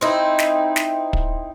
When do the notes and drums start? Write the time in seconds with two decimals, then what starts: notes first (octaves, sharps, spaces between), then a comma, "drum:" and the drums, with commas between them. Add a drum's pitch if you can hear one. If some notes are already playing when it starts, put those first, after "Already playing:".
0.01 C4 D#4 E4
0.39 drum: snare
0.76 drum: snare
1.13 drum: kick